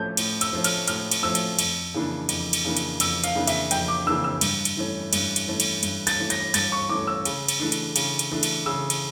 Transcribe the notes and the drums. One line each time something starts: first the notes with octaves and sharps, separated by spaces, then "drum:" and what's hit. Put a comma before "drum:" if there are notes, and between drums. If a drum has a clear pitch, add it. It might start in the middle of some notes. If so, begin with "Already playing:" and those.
Already playing: A2 F3 A3 C#4 G6
A2, drum: cymbal
E6, drum: cymbal
F3 A3 C#4
F6, drum: cymbal
A2 F6, drum: cymbal
drum: cymbal
F3 A3 C#4 E6
drum: cymbal
F2, drum: cymbal
C#3 E3 A#3 D4
F2, drum: cymbal
drum: cymbal
C#3 E3 A#3 D4
drum: cymbal
F2 E6, drum: cymbal
F5, drum: cymbal
C#3 E3 A#3 D4
E5, drum: cymbal
F2 G5, drum: cymbal
D6
C#3 E3 A#3 D4 E6
E6
G2, drum: cymbal
drum: cymbal
E3 A3 C#4
G2, drum: cymbal
drum: cymbal
E3 A3 C#4
drum: cymbal
G2, drum: cymbal
A6, drum: cymbal
E3 A3 C#4
A#6, drum: cymbal
G2 A6, drum: cymbal
C#6
E3 A3 C#4 D6
E6
C#3, drum: cymbal
drum: cymbal
E3 A3 D4
drum: cymbal
C#3, drum: cymbal
drum: cymbal
E3 A3 D4
drum: cymbal
C#3 E6
drum: cymbal